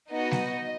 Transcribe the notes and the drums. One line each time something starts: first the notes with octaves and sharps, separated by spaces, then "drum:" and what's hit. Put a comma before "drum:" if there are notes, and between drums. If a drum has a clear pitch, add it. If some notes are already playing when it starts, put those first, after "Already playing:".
B3 D#4 F#4 D#5
drum: snare G3